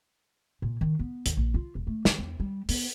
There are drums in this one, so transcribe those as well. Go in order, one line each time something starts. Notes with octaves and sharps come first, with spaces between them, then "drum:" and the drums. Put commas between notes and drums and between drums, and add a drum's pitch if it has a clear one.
A#2
D#3
B3
D#2, drum: hi-hat
A#1
F4
E1
A3
D#3, drum: snare
E2
G3
B3, drum: open hi-hat